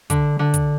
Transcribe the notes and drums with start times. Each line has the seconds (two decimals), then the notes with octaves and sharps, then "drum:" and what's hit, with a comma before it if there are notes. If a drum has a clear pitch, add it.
0.10 D3, drum: kick, hi-hat
0.39 D3
0.54 drum: kick, hi-hat